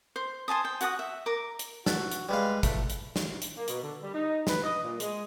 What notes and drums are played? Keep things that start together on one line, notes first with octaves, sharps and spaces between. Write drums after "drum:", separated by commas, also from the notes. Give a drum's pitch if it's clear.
C5
C5 G#5 A5 D#6
G5
F#4 F#5 A5 D#6, drum: hi-hat
E5
A#4 D6
drum: hi-hat
F#4 A4 B4, drum: snare
drum: hi-hat
G3 G#3 B4 F5
A3 B5, drum: kick G#1, hi-hat
drum: hi-hat
drum: snare
drum: hi-hat
A#3
B2, drum: hi-hat
D3
G3
D#4
B4, drum: snare
D#5
A#2
G#3, drum: hi-hat